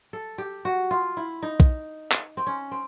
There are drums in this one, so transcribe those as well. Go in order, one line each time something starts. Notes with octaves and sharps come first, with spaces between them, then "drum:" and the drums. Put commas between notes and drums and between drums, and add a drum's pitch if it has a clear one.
A4
G4
F#4
F4
E4
D#4
drum: kick
drum: clap
C4
C#4
C4